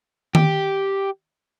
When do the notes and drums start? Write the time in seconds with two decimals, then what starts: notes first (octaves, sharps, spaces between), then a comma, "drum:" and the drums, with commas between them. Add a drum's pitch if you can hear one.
0.35 G4, drum: tom D#3